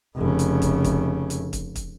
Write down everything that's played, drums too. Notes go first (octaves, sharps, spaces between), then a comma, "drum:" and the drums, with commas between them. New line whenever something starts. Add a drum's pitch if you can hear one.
F1 C#3
drum: hi-hat
drum: kick, hi-hat
drum: kick, hi-hat
drum: hi-hat
drum: kick, hi-hat
drum: kick, hi-hat